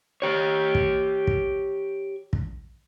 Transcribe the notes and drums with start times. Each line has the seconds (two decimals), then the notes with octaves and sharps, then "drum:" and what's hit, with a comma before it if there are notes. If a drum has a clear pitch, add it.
0.22 G4 C#5
0.75 drum: kick
1.27 drum: kick
2.33 drum: kick